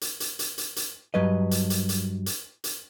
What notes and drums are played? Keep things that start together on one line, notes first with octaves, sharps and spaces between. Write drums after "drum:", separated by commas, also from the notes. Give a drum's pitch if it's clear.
drum: hi-hat
drum: hi-hat
drum: hi-hat
drum: hi-hat
drum: hi-hat
G2 F#3 B4 D#5
drum: hi-hat
drum: hi-hat
drum: hi-hat
drum: hi-hat
drum: hi-hat